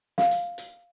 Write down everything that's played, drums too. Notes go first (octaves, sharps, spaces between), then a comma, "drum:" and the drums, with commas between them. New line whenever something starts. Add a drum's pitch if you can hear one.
F5, drum: snare
drum: hi-hat
drum: hi-hat